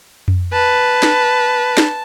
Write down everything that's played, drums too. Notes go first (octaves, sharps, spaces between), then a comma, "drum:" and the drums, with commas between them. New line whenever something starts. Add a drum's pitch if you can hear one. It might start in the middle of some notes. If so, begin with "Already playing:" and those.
drum: tom F2
B4 A5
drum: snare
drum: snare